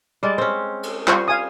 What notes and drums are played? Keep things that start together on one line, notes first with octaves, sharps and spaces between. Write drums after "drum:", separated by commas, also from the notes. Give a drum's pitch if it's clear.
G3 G#3 D5
C4 C#4
drum: cymbal
G3 F4 C5 C#6, drum: clap
F5 G#5 D#6